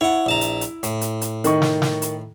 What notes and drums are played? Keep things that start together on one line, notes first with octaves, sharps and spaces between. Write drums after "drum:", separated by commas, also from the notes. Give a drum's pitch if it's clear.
E4 C#5 F#5
A#1 A5 A#5
drum: hi-hat
drum: hi-hat
A2, drum: hi-hat
drum: hi-hat
drum: hi-hat
D#3 D#5 C#6, drum: hi-hat
drum: snare
drum: snare
drum: hi-hat